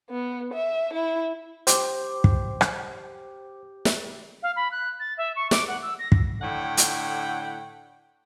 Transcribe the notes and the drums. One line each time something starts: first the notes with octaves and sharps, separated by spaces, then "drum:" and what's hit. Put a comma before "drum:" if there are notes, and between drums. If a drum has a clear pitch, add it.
B3
E5
E4
G4 C5, drum: hi-hat
drum: kick
drum: rim click
drum: snare
F5
B5
F#6
A6
E5
C#6
D6, drum: snare
F#5
E6
A#6
drum: kick
A2 D3 C#5 F#5 G5
drum: hi-hat